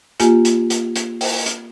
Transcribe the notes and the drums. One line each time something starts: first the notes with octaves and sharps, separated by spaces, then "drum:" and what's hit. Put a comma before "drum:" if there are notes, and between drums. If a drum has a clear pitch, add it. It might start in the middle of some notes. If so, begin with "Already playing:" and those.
A#3 F4 G4 G#5, drum: hi-hat
drum: hi-hat
drum: hi-hat
drum: hi-hat
drum: open hi-hat
drum: hi-hat